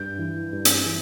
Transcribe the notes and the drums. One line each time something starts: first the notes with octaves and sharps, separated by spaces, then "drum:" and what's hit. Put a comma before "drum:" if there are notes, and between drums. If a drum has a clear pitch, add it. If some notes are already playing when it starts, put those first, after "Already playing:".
Already playing: G2 G6
E3
G2
drum: hi-hat
E3